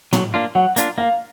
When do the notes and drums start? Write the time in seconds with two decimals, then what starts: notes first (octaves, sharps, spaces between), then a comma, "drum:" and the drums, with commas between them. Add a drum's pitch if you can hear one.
0.13 F#3, drum: tom
0.34 A#3 D4 F4
0.55 F#3 F#5
0.76 A#3 D4 F4, drum: hi-hat
0.98 A#3 F5